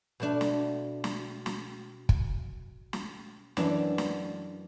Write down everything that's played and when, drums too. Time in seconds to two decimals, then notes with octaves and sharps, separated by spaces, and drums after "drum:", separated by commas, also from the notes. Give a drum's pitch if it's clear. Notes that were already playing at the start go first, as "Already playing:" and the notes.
0.20 B2 A3 D4
0.41 drum: snare
1.04 drum: snare
1.46 drum: snare
2.09 drum: kick
2.93 drum: snare
3.57 F#2 E3 D4, drum: snare
3.98 drum: snare